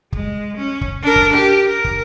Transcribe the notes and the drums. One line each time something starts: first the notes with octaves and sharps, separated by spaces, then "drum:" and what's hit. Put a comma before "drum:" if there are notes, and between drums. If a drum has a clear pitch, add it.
G#3, drum: kick
C#4
drum: kick
D4 A#4
drum: kick
G4
A#4
drum: kick